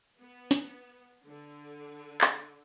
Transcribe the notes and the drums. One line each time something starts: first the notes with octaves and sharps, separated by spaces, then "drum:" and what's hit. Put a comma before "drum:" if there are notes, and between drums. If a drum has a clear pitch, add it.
B3
drum: snare
D3
drum: clap